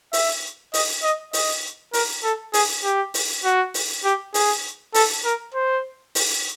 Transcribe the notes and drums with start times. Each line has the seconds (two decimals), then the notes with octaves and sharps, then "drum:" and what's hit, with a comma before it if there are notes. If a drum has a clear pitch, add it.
0.13 E5, drum: open hi-hat
0.74 D#5, drum: open hi-hat
1.03 D#5
1.33 D#5, drum: open hi-hat
1.93 A#4, drum: open hi-hat
2.24 A4
2.54 G#4, drum: open hi-hat
2.84 G4
3.14 drum: open hi-hat
3.44 F#4
3.74 drum: open hi-hat
4.04 G4
4.34 G#4, drum: open hi-hat
4.94 A4, drum: open hi-hat
5.25 A#4
5.54 C5
6.15 drum: open hi-hat